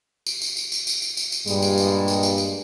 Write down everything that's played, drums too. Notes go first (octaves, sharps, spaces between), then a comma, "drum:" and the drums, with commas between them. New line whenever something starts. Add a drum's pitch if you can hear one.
drum: tambourine
drum: tambourine
drum: tambourine
drum: tambourine
drum: tambourine
drum: tambourine
drum: tambourine
drum: tambourine
G2 A#2 G3 G#3, drum: tambourine
drum: tambourine
drum: tambourine
drum: tambourine
drum: tambourine
drum: tambourine